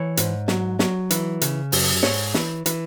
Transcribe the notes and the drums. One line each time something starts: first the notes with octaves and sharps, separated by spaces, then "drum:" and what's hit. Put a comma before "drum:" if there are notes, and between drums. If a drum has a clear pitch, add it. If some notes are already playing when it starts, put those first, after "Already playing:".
Already playing: E3 C#5
G#2, drum: hi-hat
F#3, drum: snare
F#3, drum: snare
E3, drum: hi-hat
C#3, drum: hi-hat
F#2, drum: open hi-hat
G#2 C#5, drum: snare
E3, drum: snare
E3, drum: hi-hat